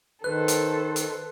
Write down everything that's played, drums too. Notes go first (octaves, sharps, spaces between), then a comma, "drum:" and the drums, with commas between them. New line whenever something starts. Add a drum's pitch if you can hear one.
D#3 A4 B4 C5 F#6
drum: hi-hat
drum: hi-hat